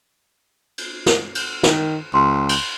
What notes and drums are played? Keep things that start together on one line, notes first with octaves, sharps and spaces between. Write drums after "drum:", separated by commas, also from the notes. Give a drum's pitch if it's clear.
drum: cymbal
drum: snare
drum: cymbal
D#3, drum: snare
C#2 C6
drum: cymbal